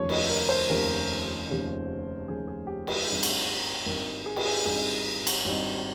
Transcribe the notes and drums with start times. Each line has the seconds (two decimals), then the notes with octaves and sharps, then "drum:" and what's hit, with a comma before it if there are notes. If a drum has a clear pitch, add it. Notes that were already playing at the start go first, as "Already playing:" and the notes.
Already playing: F1 D#2 C#3 F3 C#5
0.09 D#5, drum: cymbal
0.30 A#4
0.49 C5
0.69 F1 D#2 C#3 F3 A#4
1.48 F1 D#2 C#3 F3
2.28 F1 D#2 C#3 F3 G#4
2.47 G#4
2.67 G4
2.87 G4, drum: cymbal
3.07 G#1 G2 G3 C4 D#4 G#4
3.23 drum: cymbal
3.86 G#1 G2 G3 C4 D#4 A#4
4.26 G#4
4.36 G4, drum: cymbal
4.46 G#4
4.65 G#1 G2 G3 C4 D#4 G#4
5.27 drum: cymbal
5.45 G#1 G2 G3 C4 D#4